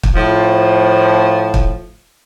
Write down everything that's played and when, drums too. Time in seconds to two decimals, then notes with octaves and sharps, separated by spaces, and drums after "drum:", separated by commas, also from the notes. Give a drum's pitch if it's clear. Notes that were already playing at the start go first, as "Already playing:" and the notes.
0.03 drum: kick
0.15 A2 F3
1.54 drum: kick